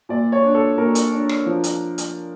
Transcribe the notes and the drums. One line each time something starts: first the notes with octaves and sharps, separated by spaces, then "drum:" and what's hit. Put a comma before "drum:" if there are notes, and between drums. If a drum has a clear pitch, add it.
A#2 D5
C#5
D4
A4
A#2 A#4
drum: hi-hat
D4
drum: rim click
F3
drum: hi-hat
drum: hi-hat